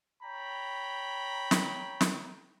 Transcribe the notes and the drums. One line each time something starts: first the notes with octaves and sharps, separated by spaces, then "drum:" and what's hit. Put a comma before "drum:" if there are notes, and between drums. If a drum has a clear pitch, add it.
C#5 G5 A#5 B5
drum: snare
drum: snare